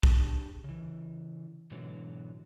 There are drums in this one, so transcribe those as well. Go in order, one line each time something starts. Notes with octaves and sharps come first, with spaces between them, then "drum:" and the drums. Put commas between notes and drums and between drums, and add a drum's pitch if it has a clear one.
D4 G4 G#4 A5, drum: kick
C#3 E3
G#2 B2 D3 E3 F#3